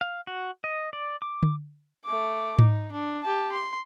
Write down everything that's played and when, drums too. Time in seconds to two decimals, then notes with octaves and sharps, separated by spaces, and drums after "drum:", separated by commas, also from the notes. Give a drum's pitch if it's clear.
0.01 F5
0.27 F#4
0.64 D#5
0.93 D5
1.22 D6
1.43 drum: tom D3
2.05 A3 D6
2.59 D#4, drum: tom G#2
2.92 D4
3.23 G4 A5
3.52 C6